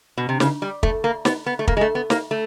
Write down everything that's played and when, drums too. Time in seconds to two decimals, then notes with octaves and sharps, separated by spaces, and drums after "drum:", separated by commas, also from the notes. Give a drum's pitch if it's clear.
0.18 B2
0.29 C3
0.40 C#3, drum: snare
0.62 G3
0.83 A3, drum: kick
1.04 A#3
1.25 B3, drum: snare
1.46 B3
1.59 A3
1.68 A#3, drum: kick
1.77 G#3
1.81 A3
1.95 B3
2.10 A#3, drum: snare
2.31 A3